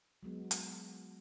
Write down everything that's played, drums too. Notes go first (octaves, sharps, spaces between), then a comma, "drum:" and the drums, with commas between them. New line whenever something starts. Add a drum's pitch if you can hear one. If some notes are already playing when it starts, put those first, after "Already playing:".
F#3 G#3 B3
drum: hi-hat